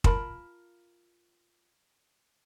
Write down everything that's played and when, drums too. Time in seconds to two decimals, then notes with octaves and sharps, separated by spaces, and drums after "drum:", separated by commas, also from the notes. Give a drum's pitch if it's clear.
0.04 F4 A#4 A5 B5, drum: kick